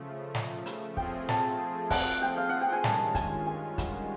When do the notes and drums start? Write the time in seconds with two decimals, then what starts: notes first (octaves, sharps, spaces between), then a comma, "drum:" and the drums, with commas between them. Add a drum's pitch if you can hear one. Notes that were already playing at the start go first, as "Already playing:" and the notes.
Already playing: C#3 F3 A3
0.35 drum: snare
0.66 drum: hi-hat
0.97 F3 A3 C4 F4 G#4 G5, drum: kick
1.29 A5, drum: snare
1.90 F#5, drum: kick, open hi-hat
2.22 G5
2.37 F5
2.49 F#5
2.61 G5
2.73 G#5
2.84 G2 D#3 G#3 C#4 F4 A5, drum: snare
3.15 G#5, drum: kick, hi-hat
3.46 G#5
3.78 F#5, drum: kick, hi-hat